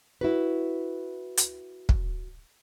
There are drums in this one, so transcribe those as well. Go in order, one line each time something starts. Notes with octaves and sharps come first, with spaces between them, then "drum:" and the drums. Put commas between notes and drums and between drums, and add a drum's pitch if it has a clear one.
E4 F#4 B4
drum: hi-hat
drum: kick